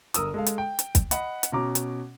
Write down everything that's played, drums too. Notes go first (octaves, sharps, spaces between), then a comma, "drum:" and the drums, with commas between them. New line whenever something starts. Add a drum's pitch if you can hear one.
G1 A#4 D#6 E6, drum: hi-hat
G#3 A4 F5
drum: hi-hat
G5
drum: hi-hat
drum: kick, hi-hat
D#5 F#5 B5, drum: hi-hat
drum: hi-hat
B2 C#4 A#5 D6
drum: hi-hat